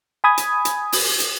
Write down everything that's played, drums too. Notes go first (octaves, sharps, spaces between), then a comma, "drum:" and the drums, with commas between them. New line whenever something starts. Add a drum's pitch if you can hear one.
G#5 B5 D#6 G#6
drum: hi-hat
drum: hi-hat
drum: open hi-hat
drum: hi-hat